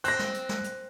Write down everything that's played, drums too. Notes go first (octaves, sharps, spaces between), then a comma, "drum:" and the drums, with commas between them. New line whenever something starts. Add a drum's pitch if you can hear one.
C4 F#6 A#6, drum: hi-hat
drum: snare
drum: hi-hat
drum: snare
drum: hi-hat